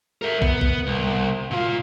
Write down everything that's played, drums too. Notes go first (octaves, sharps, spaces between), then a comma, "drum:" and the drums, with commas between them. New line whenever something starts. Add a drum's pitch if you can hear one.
A#4 E5
B3, drum: kick
drum: kick
C2
A#2 F4